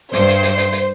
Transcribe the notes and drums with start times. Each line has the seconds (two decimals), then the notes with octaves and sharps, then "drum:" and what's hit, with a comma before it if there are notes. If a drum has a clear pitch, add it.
0.13 G2 C5 C7, drum: hi-hat
0.28 drum: hi-hat
0.43 drum: hi-hat
0.58 drum: hi-hat
0.72 drum: hi-hat